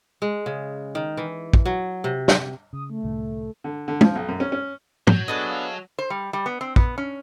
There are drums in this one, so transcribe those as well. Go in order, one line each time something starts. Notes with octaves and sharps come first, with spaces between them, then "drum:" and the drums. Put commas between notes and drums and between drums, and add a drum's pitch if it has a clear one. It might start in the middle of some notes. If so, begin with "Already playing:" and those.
G#3
C#3
D#3
E3
drum: kick
F#3
C3
drum: snare
C#3 D#6
A3
C2 A2 D3
D3
D3
F3, drum: tom
B1
F#2
C#4
C#4
F#3 G6, drum: tom
B3 D4 G#4 A4 D#5 G#6
F5
C5
G3
G3
B3
C4
B3, drum: kick
C#4